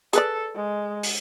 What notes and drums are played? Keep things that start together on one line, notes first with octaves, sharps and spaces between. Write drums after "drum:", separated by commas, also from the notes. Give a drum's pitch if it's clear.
G#4 A4 B4 D5, drum: hi-hat
G#3
drum: open hi-hat